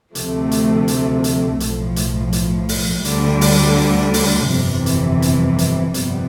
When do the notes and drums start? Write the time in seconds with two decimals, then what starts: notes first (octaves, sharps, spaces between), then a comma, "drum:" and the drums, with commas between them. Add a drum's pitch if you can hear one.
0.15 D2 C3 F3 A3, drum: hi-hat
0.51 drum: hi-hat
0.88 drum: hi-hat
1.24 drum: hi-hat
1.60 B1 A2 F3, drum: hi-hat
1.96 drum: hi-hat
2.33 drum: hi-hat
2.69 drum: open hi-hat
3.05 D2 D3 G3, drum: hi-hat
3.41 drum: open hi-hat
4.14 drum: open hi-hat
4.50 G1 F2 C3 E3
4.86 drum: hi-hat
5.22 drum: hi-hat
5.58 drum: hi-hat
5.94 G1 F2 C3 G3 B3, drum: hi-hat